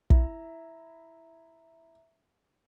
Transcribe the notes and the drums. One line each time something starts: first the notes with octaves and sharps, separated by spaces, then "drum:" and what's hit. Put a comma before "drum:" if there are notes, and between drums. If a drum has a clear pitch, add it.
E4 E5 A#5, drum: kick